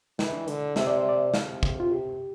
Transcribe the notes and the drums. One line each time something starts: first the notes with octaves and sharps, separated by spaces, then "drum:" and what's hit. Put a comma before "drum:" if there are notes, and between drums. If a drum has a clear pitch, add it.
E3 E4, drum: snare
D4
D3, drum: hi-hat
C3 E5, drum: snare
D5
C5
D5
C3 F5, drum: snare
drum: kick
F4
G4